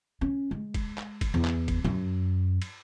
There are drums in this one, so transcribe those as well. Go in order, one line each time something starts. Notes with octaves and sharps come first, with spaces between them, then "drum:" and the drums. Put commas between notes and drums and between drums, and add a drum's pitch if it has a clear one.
C#4
G#3
drum: kick, cymbal
drum: clap
drum: kick, cymbal
E2
drum: clap
drum: kick, cymbal
F#2
drum: cymbal